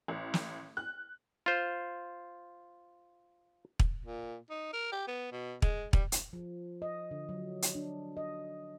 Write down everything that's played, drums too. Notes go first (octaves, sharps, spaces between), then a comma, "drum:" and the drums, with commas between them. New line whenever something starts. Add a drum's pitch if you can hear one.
A1
drum: snare
F#6
F4 C5
drum: kick
A#2
D#4
A#4
G4
B3
B2
G#3, drum: kick
G3, drum: kick
drum: hi-hat
F3
D#5
D3
F#3
drum: hi-hat
D4
D#5